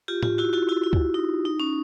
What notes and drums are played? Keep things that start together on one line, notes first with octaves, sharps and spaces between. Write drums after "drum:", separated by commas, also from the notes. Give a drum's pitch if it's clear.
F4 G4
F4 G4, drum: tom A2
E4 F#4
E4 F#4
E4 F#4
E4
drum: kick C#2
D#4
D#4
C#4